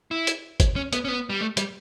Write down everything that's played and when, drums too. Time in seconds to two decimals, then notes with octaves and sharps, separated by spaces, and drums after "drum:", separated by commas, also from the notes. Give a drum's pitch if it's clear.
0.11 E4
0.27 drum: hi-hat
0.60 drum: kick G1, hi-hat
0.76 C#4
0.93 B3, drum: hi-hat
1.05 C#4
1.08 B3
1.30 G3
1.41 A3
1.57 G3, drum: hi-hat